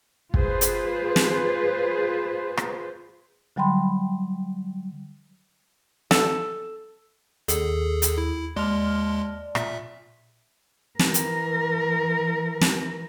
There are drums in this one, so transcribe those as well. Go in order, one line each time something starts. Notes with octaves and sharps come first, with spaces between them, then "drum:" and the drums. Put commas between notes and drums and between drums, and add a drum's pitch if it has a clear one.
F4 G#4 B4 C5, drum: kick
drum: hi-hat
drum: snare
drum: rim click
D3 F#3 G3 G5 B5 C6
A4, drum: snare
D#2 G#4 A4, drum: hi-hat
drum: hi-hat
E4
D#2 G#3 D5 A5 C6 F6
A#2 E5, drum: rim click
E3 A#4, drum: snare
drum: hi-hat
drum: snare